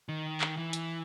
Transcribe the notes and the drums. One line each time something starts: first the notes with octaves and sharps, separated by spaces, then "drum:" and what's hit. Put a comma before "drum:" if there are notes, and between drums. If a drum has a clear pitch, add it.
D#3
drum: clap
E3
drum: hi-hat